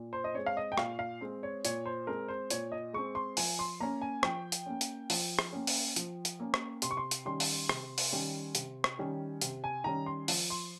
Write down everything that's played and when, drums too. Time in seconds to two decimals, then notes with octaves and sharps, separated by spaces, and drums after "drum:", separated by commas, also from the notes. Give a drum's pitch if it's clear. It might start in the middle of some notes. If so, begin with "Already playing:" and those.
Already playing: A#2
0.13 C5
0.24 D#5
0.34 G#3 C4 C#5
0.46 F5
0.57 D#5
0.72 G5
0.78 A#2 F5, drum: rim click
0.99 F5
1.21 G#3 C4
1.43 C#5
1.65 A#2 C#5, drum: hi-hat
1.86 C5
2.07 G#3 C4 A#4
2.29 C5
2.50 A#2 C#5, drum: hi-hat
2.72 D#5
2.93 G#3 C4 C#6
3.15 C6
3.37 F3 G#5, drum: open hi-hat
3.59 C6
3.80 A#3 C#4 A#5
4.02 G#5
4.23 F3 G5, drum: rim click
4.52 drum: hi-hat
4.66 A#3 C#4
4.81 drum: hi-hat
5.10 F3, drum: open hi-hat
5.39 drum: rim click
5.53 A#3 C#4
5.67 drum: open hi-hat
5.96 F3, drum: hi-hat
6.25 drum: hi-hat
6.40 A#3 C#4
6.54 drum: rim click
6.82 C3 C6, drum: hi-hat
6.91 C#6
6.97 C6
7.11 drum: hi-hat
7.25 D#3 G3 C#4 C6
7.40 drum: open hi-hat
7.69 C3, drum: rim click
7.98 drum: open hi-hat
8.13 D#3 G3 C#4
8.55 C3, drum: hi-hat
8.84 drum: rim click
8.99 D#3 G3 C#4
9.41 C3, drum: hi-hat
9.64 G#5
9.84 D#3 G3 C#4 A#5
10.06 C6
10.28 F3, drum: open hi-hat
10.50 C6